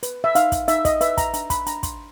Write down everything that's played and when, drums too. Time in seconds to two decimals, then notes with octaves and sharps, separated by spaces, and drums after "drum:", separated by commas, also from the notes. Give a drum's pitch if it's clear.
0.03 B4, drum: hi-hat
0.24 E5
0.35 D#4 F5, drum: hi-hat
0.52 drum: kick, hi-hat
0.68 D#4 E5, drum: hi-hat
0.85 D#5, drum: kick, hi-hat
1.01 B4 E5, drum: hi-hat
1.18 A#5, drum: kick, hi-hat
1.34 D4 A#5, drum: hi-hat
1.50 B5, drum: kick, hi-hat
1.66 D4 A#5, drum: hi-hat
1.83 C6, drum: kick, hi-hat